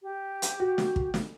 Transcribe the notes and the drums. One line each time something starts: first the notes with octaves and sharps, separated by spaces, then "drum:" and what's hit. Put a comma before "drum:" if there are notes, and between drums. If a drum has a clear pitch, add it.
G4
drum: hi-hat
F#4
drum: snare
drum: kick
drum: snare